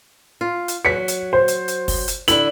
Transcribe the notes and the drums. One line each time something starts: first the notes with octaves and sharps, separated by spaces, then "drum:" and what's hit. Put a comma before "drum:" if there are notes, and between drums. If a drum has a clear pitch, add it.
F4
drum: hi-hat
F#3 B6 C#7
drum: hi-hat
C5
drum: hi-hat
drum: hi-hat
drum: kick, open hi-hat
drum: hi-hat
D3 E4 F#7, drum: hi-hat